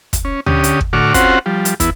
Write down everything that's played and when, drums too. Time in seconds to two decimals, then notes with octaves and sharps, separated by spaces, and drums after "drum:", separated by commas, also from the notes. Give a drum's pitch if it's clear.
0.13 drum: kick, hi-hat
0.25 C#4
0.46 D3 C#4 G4 D#6, drum: tom D2
0.64 drum: hi-hat
0.81 drum: kick
0.93 A2 D3 F#4 C#6 D6 F6
1.14 C4 C#4 F4 F#4 C5 F#5, drum: kick, hi-hat
1.46 F3 G3
1.65 drum: hi-hat
1.80 E2 B3 E4, drum: kick, hi-hat